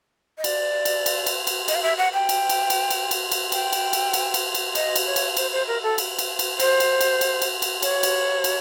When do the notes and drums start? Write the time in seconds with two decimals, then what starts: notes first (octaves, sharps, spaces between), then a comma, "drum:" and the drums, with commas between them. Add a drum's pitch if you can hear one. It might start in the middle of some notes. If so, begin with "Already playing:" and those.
0.38 D#5
0.44 D5, drum: cymbal
0.85 drum: cymbal
1.06 drum: cymbal
1.26 drum: cymbal
1.47 drum: cymbal
1.68 D#5, drum: cymbal
1.75 F5
1.83 E5
1.98 F#5
2.14 G5
2.29 drum: cymbal
2.49 drum: cymbal
2.70 drum: cymbal
2.90 drum: cymbal
3.11 drum: cymbal
3.31 drum: cymbal
3.52 G5, drum: cymbal
3.72 drum: cymbal
3.93 drum: cymbal
4.13 drum: cymbal
4.34 drum: cymbal
4.54 drum: cymbal
4.75 D#5, drum: cymbal
4.96 drum: cymbal
5.06 C#5
5.16 drum: cymbal
5.37 C5, drum: cymbal
5.52 C5
5.67 A#4
5.83 A4
5.98 drum: cymbal
6.19 drum: cymbal
6.39 drum: cymbal
6.60 C5, drum: cymbal
6.80 drum: cymbal
7.01 drum: cymbal
7.21 drum: cymbal
7.42 drum: cymbal
7.62 drum: cymbal
7.82 C#5, drum: cymbal
8.03 drum: cymbal
8.44 drum: cymbal